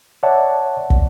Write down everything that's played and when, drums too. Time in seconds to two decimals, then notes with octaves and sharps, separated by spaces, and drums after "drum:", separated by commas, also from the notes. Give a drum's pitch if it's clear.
0.23 C#5 D5 E5 F#5 A5
0.90 drum: kick